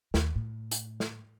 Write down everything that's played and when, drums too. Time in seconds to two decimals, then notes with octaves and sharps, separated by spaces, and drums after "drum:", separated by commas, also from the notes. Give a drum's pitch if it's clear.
0.14 D#2, drum: snare
0.36 A2
0.71 drum: hi-hat
1.00 drum: snare